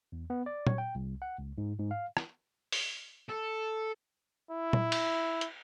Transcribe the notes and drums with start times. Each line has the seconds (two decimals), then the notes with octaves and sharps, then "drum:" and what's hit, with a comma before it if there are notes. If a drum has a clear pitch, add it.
0.12 E2
0.30 B3
0.46 D5
0.67 C#5, drum: tom A#2
0.78 G5
0.95 C2
1.22 F#5
1.39 C#2
1.58 G#2
1.79 G#2
1.91 F5
2.17 drum: rim click
2.72 drum: open hi-hat
3.29 A4
4.51 E4
4.73 drum: tom A#2
4.92 drum: cymbal
5.41 drum: hi-hat